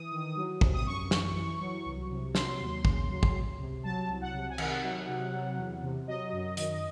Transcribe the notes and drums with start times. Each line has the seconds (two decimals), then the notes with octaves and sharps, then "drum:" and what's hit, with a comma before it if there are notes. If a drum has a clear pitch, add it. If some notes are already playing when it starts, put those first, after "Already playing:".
Already playing: E3 D#6
0.12 D#3
0.36 F#3
0.61 C3, drum: kick
0.74 D#6
0.86 F#2 C#6
1.11 E3, drum: snare
1.36 E3
1.60 F#3
1.85 C2
2.10 C3
2.35 F#3 C6, drum: snare
2.60 D#2
2.85 C#3, drum: kick
3.09 F#3
3.23 drum: kick
3.34 C#2
3.59 C3
3.84 F#3 A5
4.09 C2
4.21 F#5
4.33 C3
4.50 G#5
4.58 D#3 F#5, drum: cymbal
4.83 F#3
5.08 C3
5.33 F#3
5.58 E2
5.82 C3
6.08 F#3 D#5
6.32 F#2
6.57 D#3, drum: hi-hat